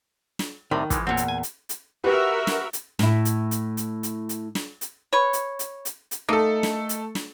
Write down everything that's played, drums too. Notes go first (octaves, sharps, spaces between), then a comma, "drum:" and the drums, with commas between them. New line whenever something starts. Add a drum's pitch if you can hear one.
drum: snare
C2 A2 C3 D#3
E3 F3 G#3, drum: kick, hi-hat
E2 A#2 C4 C#5
drum: hi-hat
G#5
drum: hi-hat
drum: hi-hat
F#4 G4 A#4 B4 E5
drum: snare
drum: hi-hat
A2 E4, drum: snare
drum: hi-hat
drum: hi-hat
drum: hi-hat
drum: hi-hat
drum: hi-hat
drum: snare
drum: hi-hat
B4 C#5
drum: hi-hat
drum: hi-hat
drum: hi-hat
drum: hi-hat
A3 A#3 D#4 A4
drum: snare
drum: hi-hat
drum: snare